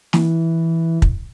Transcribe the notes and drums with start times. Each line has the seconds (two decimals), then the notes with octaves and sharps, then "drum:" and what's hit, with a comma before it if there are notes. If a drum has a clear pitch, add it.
0.13 E3, drum: snare
1.02 drum: kick